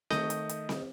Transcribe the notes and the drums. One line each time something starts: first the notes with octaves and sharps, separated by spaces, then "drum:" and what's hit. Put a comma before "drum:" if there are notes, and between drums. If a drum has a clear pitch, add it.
D#3 A3 D#5 D#6 G6, drum: snare C4
drum: hi-hat
drum: hi-hat
drum: snare C4